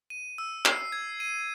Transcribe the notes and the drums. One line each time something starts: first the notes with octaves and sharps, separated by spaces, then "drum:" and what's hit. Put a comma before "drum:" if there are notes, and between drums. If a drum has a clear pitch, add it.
D#7
E6
C7, drum: clap
G#6
D#7